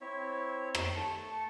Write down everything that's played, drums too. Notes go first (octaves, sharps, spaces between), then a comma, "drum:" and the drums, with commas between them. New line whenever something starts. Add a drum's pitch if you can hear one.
C4 E4 C#5 E5
drum: rim click
A3 A5 C#6